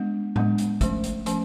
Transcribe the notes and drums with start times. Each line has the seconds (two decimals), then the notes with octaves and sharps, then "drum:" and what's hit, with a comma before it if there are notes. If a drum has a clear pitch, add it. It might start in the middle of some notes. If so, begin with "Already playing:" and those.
Already playing: G#3 B3 D4
0.36 G#3 B3 D4, drum: tom A2
0.58 drum: hi-hat
0.81 F3 A3 C#4, drum: kick, hi-hat
1.04 drum: hi-hat
1.26 F3 A3 C#4, drum: hi-hat